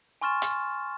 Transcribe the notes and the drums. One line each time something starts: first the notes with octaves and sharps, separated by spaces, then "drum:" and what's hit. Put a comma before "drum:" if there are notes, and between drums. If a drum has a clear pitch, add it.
G#5 C6 C#6 F6 A6 E7
drum: hi-hat